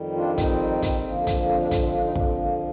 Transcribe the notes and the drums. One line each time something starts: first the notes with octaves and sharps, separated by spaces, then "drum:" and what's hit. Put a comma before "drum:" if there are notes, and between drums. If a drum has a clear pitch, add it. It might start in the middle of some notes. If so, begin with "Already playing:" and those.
Already playing: F2 D#3 G3
D4 F4
C4 D#4, drum: kick, hi-hat
drum: kick, hi-hat
F2 D3 F3 A#3
drum: kick, hi-hat
C4
A#3 D4
A#3, drum: kick, hi-hat
C4
A#3 D4
C4 D#4
A#3 D4, drum: kick
C4
A#3